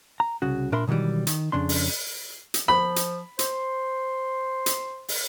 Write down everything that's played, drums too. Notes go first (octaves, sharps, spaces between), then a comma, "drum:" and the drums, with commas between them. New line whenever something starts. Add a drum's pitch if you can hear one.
A#5
C2 C#3 F#4
A#2 D4 A#4 E5 B5 C6
B2 D#3 E3 F#3 G3
D#3, drum: hi-hat
F2 C#3 D4 C6
drum: open hi-hat
drum: hi-hat
F3 B5
drum: hi-hat
C5 C6, drum: hi-hat
drum: hi-hat
drum: open hi-hat